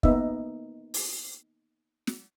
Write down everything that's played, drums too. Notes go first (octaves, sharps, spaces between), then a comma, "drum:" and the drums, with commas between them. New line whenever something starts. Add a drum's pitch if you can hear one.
A#3 B3 D#4 D#5 E5, drum: kick
drum: open hi-hat
drum: snare